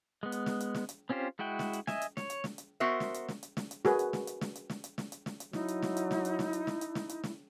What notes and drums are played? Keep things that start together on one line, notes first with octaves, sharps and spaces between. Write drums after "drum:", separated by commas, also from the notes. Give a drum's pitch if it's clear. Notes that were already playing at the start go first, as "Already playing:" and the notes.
G#3 B3
drum: hi-hat
drum: snare
drum: hi-hat
drum: snare
drum: hi-hat
C4 C#4 F4 G4 C5
G#3 E4 F#4 G5
drum: snare
drum: hi-hat
D#5 E5 G#5, drum: snare
drum: hi-hat
C#5, drum: snare
drum: hi-hat
drum: snare
drum: hi-hat
B3 F#4 A#4 C5 E5
drum: snare
drum: hi-hat
drum: snare
drum: hi-hat
drum: snare
drum: hi-hat
F#4 G#4 A#4 B4, drum: snare
drum: hi-hat
drum: snare
drum: hi-hat
drum: snare
drum: hi-hat
drum: snare
drum: hi-hat
drum: snare
drum: hi-hat
drum: snare
drum: hi-hat
F#3 D#4 E4, drum: snare
drum: hi-hat
drum: snare
drum: hi-hat
drum: snare
drum: hi-hat
drum: snare
drum: hi-hat
drum: snare
drum: hi-hat
drum: snare
drum: hi-hat
drum: snare